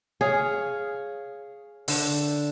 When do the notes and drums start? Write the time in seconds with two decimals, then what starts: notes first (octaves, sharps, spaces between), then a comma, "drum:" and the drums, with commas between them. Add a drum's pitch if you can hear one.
0.21 G#4 C#5 F5
1.88 D3, drum: open hi-hat